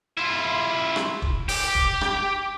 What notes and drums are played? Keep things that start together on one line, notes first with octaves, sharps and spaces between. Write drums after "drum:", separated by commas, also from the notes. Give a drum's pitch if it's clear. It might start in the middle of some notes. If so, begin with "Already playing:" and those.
E4 F4
drum: rim click
drum: kick
G4, drum: open hi-hat
drum: kick
drum: rim click